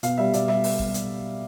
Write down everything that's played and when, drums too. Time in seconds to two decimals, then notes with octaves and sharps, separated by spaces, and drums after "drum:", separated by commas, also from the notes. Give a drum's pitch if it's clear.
0.03 B2 F5, drum: hi-hat
0.18 G3 E5
0.33 B2 D5, drum: hi-hat
0.48 G3 E5, drum: rim click
0.64 drum: open hi-hat
0.79 drum: kick G#1
0.94 drum: hi-hat